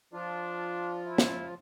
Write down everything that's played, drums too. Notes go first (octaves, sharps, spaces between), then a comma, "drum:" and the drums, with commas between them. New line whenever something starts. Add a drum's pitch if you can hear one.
F3 D4 F4
E4
drum: snare